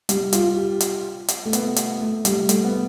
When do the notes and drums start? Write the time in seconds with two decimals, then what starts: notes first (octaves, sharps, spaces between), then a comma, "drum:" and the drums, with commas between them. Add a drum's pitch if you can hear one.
0.09 G3, drum: hi-hat
0.33 F4, drum: hi-hat
0.57 G4
0.80 drum: hi-hat
1.28 drum: hi-hat
1.45 A3
1.53 B3, drum: hi-hat
1.76 drum: hi-hat
2.01 A3
2.25 G3, drum: hi-hat
2.49 A3, drum: hi-hat
2.64 B3